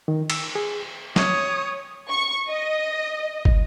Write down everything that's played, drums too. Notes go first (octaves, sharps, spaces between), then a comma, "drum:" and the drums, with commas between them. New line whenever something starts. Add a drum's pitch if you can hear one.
D#3
E6, drum: cymbal
G#4
C#5 D#6, drum: snare
C#6
D#5
drum: kick